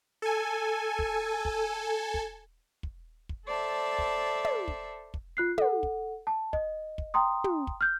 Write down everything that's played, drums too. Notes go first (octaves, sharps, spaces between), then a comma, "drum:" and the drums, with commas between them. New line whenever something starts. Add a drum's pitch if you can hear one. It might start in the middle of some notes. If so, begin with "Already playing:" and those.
A4 G#5
drum: kick
drum: kick
drum: kick
drum: kick
drum: kick
A4 C5 D5 E5 A5
drum: kick
drum: tom
drum: kick
drum: kick
F4 F#6 C7
A4 F#5, drum: tom
drum: kick
A5
D#5, drum: kick
drum: kick
G5 A#5 C6 D#6
drum: tom
drum: kick
F6 G6